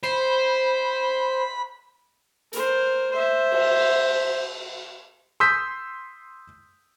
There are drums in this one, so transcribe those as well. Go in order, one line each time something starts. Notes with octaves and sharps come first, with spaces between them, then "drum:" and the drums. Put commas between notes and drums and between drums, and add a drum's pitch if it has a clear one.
C5 B5, drum: cymbal
A#4 C5, drum: hi-hat
C5 E5
drum: cymbal
C6 D#6 E6 G6 B6